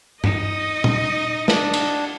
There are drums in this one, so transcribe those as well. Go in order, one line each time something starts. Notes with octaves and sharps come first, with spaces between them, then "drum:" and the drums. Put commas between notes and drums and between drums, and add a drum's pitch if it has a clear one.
D#4 D#5, drum: tom G2
drum: tom A#2
D4, drum: snare
drum: cymbal